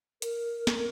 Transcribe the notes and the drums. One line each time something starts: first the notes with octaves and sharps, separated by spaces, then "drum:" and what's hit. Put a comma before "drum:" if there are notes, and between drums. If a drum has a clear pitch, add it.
A#4, drum: hi-hat
drum: snare